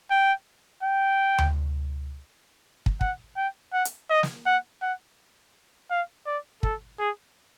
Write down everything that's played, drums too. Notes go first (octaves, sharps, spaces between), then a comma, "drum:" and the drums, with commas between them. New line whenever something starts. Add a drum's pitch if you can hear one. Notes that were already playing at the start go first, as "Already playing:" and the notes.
G5
G5
drum: tom D2
drum: kick
F#5, drum: kick
G5
F#5
drum: hi-hat
D#5
drum: snare
F#5
F#5
F5
D5
A4, drum: kick
G#4